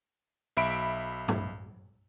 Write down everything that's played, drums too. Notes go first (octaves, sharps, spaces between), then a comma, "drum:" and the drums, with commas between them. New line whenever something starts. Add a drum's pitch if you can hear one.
B1 E5 B5 D7
drum: tom G2